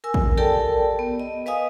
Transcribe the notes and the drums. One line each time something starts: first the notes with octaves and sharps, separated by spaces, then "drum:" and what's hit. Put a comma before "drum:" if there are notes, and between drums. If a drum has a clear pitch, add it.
A#4 G#5 E6
drum: kick
G4 A4 A#4 D5 G5 A5
B3
D#5
B4 D#5 F5 G#5 D#6